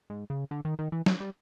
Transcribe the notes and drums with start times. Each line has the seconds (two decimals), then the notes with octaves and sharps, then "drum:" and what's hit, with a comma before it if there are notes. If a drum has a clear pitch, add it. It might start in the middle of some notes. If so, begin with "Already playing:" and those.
0.10 G#2
0.30 C#3
0.51 D3
0.65 D#3
0.79 D#3
0.92 E3
1.06 F#3, drum: snare
1.20 G3